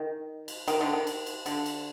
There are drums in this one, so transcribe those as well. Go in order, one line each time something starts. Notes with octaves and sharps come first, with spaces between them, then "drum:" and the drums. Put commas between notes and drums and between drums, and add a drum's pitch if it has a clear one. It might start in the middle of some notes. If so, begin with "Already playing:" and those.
Already playing: D#3
drum: cymbal
D#3, drum: cymbal
D3
D#3
drum: cymbal
drum: cymbal
D3, drum: cymbal
drum: cymbal